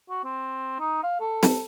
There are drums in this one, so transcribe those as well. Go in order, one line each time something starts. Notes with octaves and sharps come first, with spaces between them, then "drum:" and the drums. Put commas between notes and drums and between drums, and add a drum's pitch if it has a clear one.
F#4
C4
D#4
F5
A4
drum: snare